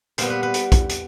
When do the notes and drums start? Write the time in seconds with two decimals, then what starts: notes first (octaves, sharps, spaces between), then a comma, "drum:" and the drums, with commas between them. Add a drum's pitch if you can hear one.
0.18 A#2 G3 B3 C5, drum: hi-hat
0.30 B4
0.43 B4
0.54 drum: hi-hat
0.72 drum: kick, hi-hat
0.90 drum: hi-hat